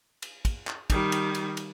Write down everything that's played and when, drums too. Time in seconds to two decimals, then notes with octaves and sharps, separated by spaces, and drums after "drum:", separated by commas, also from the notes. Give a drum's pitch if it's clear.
0.22 drum: cymbal
0.45 drum: kick, cymbal
0.67 drum: clap
0.90 D#3 G3, drum: kick, cymbal
1.12 drum: cymbal
1.35 drum: cymbal
1.57 drum: cymbal